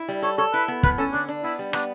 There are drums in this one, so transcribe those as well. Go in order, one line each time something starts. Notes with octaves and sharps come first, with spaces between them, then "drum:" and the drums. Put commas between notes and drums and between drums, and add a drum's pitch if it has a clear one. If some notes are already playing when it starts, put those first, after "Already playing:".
Already playing: E4
G3
A4 C#5
A4 C#5
E4 B4
B3
A2 B4, drum: kick
C#4 A4
D3 D4
D4
B3 E4
G3
B3 D4, drum: rim click